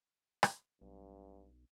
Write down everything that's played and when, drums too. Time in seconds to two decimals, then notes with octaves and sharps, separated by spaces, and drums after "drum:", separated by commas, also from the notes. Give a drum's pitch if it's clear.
0.43 drum: rim click
0.81 B1 G2